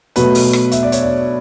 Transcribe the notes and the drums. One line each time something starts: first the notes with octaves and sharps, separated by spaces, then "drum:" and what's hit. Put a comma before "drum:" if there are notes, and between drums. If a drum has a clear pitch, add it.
B2 F#3 A3 B4, drum: hi-hat
drum: open hi-hat
drum: rim click
E5, drum: hi-hat
D5
C#5, drum: hi-hat
D5